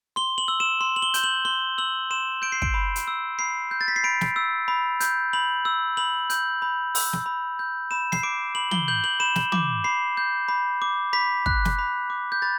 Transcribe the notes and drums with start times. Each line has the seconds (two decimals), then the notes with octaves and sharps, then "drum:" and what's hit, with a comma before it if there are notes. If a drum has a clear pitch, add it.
0.16 C6 G7
0.38 F#7
0.48 E6
0.60 E7
0.81 C6
0.96 F#7
1.02 G7
1.14 G6, drum: hi-hat
1.24 F#7
1.45 C6 G7
1.78 E6 F#7
2.11 C6 E7
2.42 G6 D7
2.52 C7
2.62 D7, drum: kick
2.74 B5
2.96 drum: hi-hat
3.08 E6
3.39 B5 C7
3.71 G6
3.81 A6
3.88 B6
3.96 C7
4.04 B5 D7
4.21 drum: snare
4.36 E6
4.68 B5
5.00 G6, drum: hi-hat
5.33 B5 F#7
5.65 E6
5.97 B5 F#7
6.30 G6, drum: hi-hat
6.62 B5
6.95 E6, drum: open hi-hat
7.13 drum: snare
7.26 B5
7.59 G6
7.91 B5 E7
8.12 C7, drum: snare
8.23 D6 D7
8.55 B5 F#7
8.71 G7, drum: tom
8.88 G6 F#7
9.04 F#7
9.20 B5 E7
9.36 drum: snare
9.52 D6, drum: tom
9.84 B5 C7
10.17 G6
10.48 B5
10.82 D6
11.13 B5 B6
11.46 F#6, drum: kick
11.65 drum: snare
11.79 B5
12.10 D6
12.32 G6
12.42 B5 A6